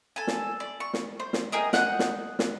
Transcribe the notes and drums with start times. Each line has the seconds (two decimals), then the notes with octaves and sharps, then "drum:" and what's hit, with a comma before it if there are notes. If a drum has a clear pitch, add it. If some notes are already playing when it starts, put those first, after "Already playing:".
0.16 A4 G#5
0.27 drum: snare
0.60 D5
0.80 C#6
0.94 drum: snare
1.20 C5
1.33 drum: snare
1.52 G4 G#4 A#4 D#5
1.73 D#5 F#5 F#6 G6, drum: snare
1.99 drum: snare
2.39 drum: snare